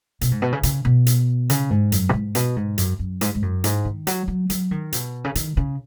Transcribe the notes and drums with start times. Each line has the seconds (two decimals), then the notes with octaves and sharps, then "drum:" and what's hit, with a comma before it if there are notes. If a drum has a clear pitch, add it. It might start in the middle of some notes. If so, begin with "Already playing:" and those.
0.21 B2, drum: hi-hat
0.31 G#2
0.42 B2
0.52 C#3
0.63 C#3, drum: hi-hat
0.85 B2
1.07 drum: hi-hat
1.50 C#3, drum: hi-hat
1.70 G#2
1.92 F#2, drum: hi-hat
2.09 B2
2.14 G#2
2.35 B2, drum: hi-hat
2.56 G#2
2.78 F#2, drum: hi-hat
2.99 F#2
3.21 G#2, drum: hi-hat
3.35 G#2
3.42 F#2
3.64 G#2, drum: hi-hat
3.85 D#3
4.07 F#3, drum: hi-hat
4.28 F#3
4.50 F#3, drum: hi-hat
4.71 D#3
4.93 B2, drum: hi-hat
5.24 C#3
5.35 D#3, drum: hi-hat
5.57 C#3